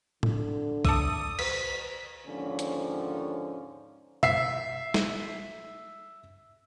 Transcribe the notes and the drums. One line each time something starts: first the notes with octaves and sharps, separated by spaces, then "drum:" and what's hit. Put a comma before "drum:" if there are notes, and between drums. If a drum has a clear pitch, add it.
D3, drum: tom A2
A4 D5 E5 D#6, drum: kick B1
B4 C5 B6, drum: cymbal
D#2 G#2 D3 F3 C#4
drum: hi-hat
E5 C7, drum: tom
drum: snare